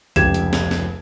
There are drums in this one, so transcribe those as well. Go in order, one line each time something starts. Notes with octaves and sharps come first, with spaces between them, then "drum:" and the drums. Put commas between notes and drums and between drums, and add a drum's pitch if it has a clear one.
F1 C#2 G4 G#6 E7, drum: kick C2, hi-hat
drum: hi-hat
drum: snare
drum: snare